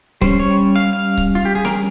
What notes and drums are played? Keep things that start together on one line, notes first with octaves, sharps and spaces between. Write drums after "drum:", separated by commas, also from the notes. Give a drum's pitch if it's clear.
G3 C#4 C5, drum: kick C#1
C#5
F5
F5
drum: kick C#1
F4
G4
G#4
A#4, drum: snare